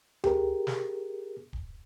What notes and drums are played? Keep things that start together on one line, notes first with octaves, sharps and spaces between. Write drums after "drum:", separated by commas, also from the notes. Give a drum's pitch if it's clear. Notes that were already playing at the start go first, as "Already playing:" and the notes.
G4 G#4 A#4, drum: tom D2
drum: snare
drum: kick